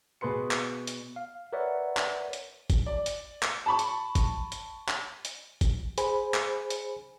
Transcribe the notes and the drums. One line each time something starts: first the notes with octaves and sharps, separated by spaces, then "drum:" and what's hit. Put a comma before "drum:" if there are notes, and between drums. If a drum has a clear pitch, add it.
B2 G#4 B4 C6 C#7
drum: clap
drum: hi-hat
F5
A#4 B4 C#5 D5 E5 F#5
drum: clap
drum: hi-hat
drum: kick, hi-hat
D5
drum: hi-hat
drum: clap
A5 B5 C#6
drum: hi-hat
drum: kick, hi-hat
drum: hi-hat
drum: clap
drum: hi-hat
drum: kick, hi-hat
G#4 C5 G#5 B5, drum: hi-hat
drum: clap
drum: hi-hat